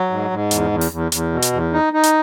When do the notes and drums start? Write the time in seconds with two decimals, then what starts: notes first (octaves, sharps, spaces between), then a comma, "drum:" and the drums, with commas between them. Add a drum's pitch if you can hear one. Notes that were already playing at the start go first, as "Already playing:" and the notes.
Already playing: F#3
0.10 G#2
0.31 G#2
0.51 E2, drum: hi-hat
0.71 E2
0.81 drum: open hi-hat
0.92 E2
1.12 E2, drum: hi-hat
1.32 B2
1.42 drum: hi-hat
1.53 E2
1.73 D#4
1.93 D#4
2.03 drum: hi-hat